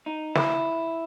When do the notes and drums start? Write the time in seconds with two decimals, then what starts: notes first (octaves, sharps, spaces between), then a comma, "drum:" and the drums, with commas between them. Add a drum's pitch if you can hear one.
0.06 D#4
0.35 E4, drum: snare